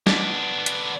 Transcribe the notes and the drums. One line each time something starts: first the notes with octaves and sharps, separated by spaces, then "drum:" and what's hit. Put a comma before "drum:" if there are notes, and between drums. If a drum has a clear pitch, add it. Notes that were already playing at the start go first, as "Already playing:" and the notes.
B3 D4, drum: snare
drum: hi-hat